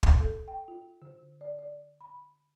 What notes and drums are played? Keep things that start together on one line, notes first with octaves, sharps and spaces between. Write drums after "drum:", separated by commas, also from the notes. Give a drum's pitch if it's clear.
C6, drum: kick
A4
G5
F4
D3
D5
D5
B5